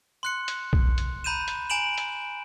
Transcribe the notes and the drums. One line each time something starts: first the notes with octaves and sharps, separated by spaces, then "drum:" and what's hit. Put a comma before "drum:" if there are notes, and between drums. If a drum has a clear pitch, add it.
C6 F#6 C#7
drum: hi-hat
drum: kick B1
drum: hi-hat
A#5 B5 G6 D#7 E7
drum: hi-hat
G#5 A#5 D7 E7 F#7
drum: hi-hat